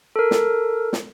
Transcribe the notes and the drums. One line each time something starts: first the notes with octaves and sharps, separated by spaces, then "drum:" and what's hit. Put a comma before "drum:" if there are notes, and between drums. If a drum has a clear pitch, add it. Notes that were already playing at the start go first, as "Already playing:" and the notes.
A4 A#4
drum: snare
drum: snare